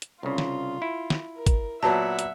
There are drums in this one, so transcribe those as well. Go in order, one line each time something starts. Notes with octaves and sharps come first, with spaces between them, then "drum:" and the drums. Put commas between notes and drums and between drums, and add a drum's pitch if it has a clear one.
drum: hi-hat
C2 C#3 F4
drum: snare
E4
drum: snare
A#4
drum: kick, hi-hat
A#2 F#3 B3 E5 F#5 A5
drum: hi-hat